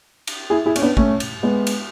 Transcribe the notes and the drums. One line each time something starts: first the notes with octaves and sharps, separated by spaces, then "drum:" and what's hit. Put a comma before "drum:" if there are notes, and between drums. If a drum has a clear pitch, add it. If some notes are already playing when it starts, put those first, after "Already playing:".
drum: cymbal
E4 G#4
E4 G#4
C#4, drum: cymbal
B3 D4
A3 C#4, drum: kick
drum: cymbal
G#3 B3
drum: cymbal